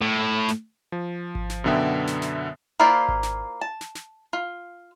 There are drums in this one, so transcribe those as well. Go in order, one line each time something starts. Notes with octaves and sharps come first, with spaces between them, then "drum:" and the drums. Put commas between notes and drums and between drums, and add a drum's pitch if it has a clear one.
A2
drum: snare
F3
drum: kick G#1
drum: snare
F#2 B2 D3 B3 E5 G5
drum: snare
drum: snare
A#3 E4 F4 C5 D5
drum: kick G#1
drum: snare
A5
drum: snare
drum: snare
F4